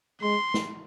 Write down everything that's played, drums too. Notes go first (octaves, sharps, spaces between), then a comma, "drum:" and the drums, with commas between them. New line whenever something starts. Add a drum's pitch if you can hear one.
G#3 C6
drum: snare